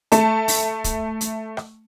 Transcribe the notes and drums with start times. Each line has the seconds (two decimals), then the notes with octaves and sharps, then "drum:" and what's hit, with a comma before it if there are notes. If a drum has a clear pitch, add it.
0.12 A3 A5, drum: hi-hat
0.48 drum: open hi-hat
0.84 drum: kick, hi-hat
1.21 drum: hi-hat
1.57 drum: rim click